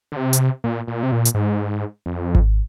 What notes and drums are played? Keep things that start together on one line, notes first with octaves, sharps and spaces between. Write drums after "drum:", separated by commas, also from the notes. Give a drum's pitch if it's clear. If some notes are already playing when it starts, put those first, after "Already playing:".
D3
C3
drum: hi-hat
A#2
A#2
C3
A#2
drum: hi-hat
G#2
F2
drum: kick G#1